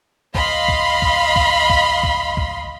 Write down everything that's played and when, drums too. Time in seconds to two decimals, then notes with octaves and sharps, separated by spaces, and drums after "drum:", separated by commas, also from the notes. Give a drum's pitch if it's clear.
0.35 D#5 F5 B5 C6, drum: kick
0.68 drum: kick
1.02 drum: kick
1.36 drum: kick
1.70 drum: kick
2.03 drum: kick
2.37 drum: kick